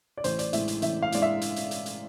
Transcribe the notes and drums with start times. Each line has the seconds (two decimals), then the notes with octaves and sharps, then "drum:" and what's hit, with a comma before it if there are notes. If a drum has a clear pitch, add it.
0.17 D5
0.24 A1 C5, drum: hi-hat
0.39 D5, drum: hi-hat
0.53 A2 G#3 E5, drum: hi-hat
0.68 drum: hi-hat
0.82 A1 E5, drum: hi-hat
1.02 F5
1.12 A2 G#3 D5, drum: hi-hat
1.22 E5
1.41 drum: hi-hat
1.56 drum: hi-hat
1.71 drum: hi-hat
1.86 drum: hi-hat